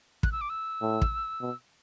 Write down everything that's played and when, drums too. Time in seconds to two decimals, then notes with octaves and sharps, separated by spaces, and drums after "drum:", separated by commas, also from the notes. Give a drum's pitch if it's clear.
0.23 F#6, drum: kick
0.32 E6
0.41 D6
0.49 E6
0.82 A2
1.02 drum: kick
1.41 B2